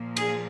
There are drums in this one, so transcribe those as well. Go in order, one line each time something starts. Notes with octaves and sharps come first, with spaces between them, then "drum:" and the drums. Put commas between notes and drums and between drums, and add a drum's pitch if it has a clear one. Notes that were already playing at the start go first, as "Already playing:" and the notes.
Already playing: A#2 F3 A#3
G#4, drum: cymbal